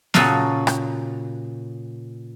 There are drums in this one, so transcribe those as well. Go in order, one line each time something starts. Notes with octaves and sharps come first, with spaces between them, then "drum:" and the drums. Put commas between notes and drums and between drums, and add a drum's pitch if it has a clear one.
A#2 C#3 F#4 A4 F5, drum: snare B3
drum: rim click